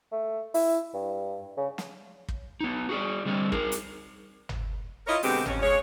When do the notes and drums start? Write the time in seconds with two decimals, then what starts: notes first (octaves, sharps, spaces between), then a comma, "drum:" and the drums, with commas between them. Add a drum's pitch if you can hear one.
0.12 A3
0.54 E4, drum: open hi-hat
0.94 G2
1.57 C#3
1.78 drum: snare
2.28 drum: kick
2.61 B3 D#4
2.89 F#4 G#4 D5
3.25 D3 G3 C4 D5 D#5
3.52 D#4 G#4 A#4, drum: kick
3.72 drum: hi-hat
4.49 drum: tom
5.07 E4 F4 A#4 C#5 D#5
5.23 B2 D3 G#3 B3 C4 G4, drum: open hi-hat
5.46 F2 C#4, drum: tom
5.62 C#3 G#3 C#4 C#5